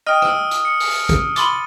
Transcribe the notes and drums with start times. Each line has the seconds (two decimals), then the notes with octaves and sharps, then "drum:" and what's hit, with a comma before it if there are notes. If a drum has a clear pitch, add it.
0.07 D#5 G5 D#6 F6 D#7
0.22 E6 D7, drum: rim click
0.51 drum: hi-hat
0.65 C#7
0.80 drum: open hi-hat
1.09 drum: kick, hi-hat
1.36 B5 C6 D6 A6 D#7, drum: hi-hat